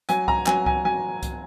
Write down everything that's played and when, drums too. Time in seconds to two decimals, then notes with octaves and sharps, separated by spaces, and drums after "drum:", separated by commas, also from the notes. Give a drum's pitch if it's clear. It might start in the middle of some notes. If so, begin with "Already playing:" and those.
0.09 F#3 G#5, drum: hi-hat
0.28 A#5, drum: kick C2
0.46 F#3 G#5, drum: clap
0.66 G#5, drum: kick C2
0.84 F#3 G#5
1.23 drum: kick C2, hi-hat